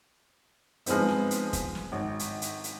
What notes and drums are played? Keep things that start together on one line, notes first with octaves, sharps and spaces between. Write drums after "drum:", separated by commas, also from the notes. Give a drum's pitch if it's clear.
F3 G#3 B3 C4 D#4, drum: hi-hat
drum: snare
drum: hi-hat
drum: kick, hi-hat
drum: snare
G#1
drum: hi-hat
drum: hi-hat
drum: hi-hat